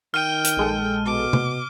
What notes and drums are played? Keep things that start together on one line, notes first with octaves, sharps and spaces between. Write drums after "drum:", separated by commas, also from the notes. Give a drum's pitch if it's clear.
D#3 G5 F6 D#7
drum: hi-hat
A#1 G#3 A4
B2 D6
drum: tom C3